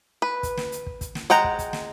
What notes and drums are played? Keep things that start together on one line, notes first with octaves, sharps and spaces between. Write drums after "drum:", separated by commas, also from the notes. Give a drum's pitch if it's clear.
B4
drum: kick, hi-hat
drum: snare
drum: hi-hat
drum: kick
drum: kick, hi-hat
drum: snare
G#3 F#5 G5 A#5, drum: hi-hat
drum: kick
drum: kick, hi-hat
drum: snare